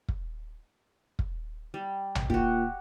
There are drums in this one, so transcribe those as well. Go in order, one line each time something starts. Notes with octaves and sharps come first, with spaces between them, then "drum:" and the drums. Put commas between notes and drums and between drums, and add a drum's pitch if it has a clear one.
drum: kick
drum: kick
G3
drum: tom A#1
A#2 F#4 G4, drum: kick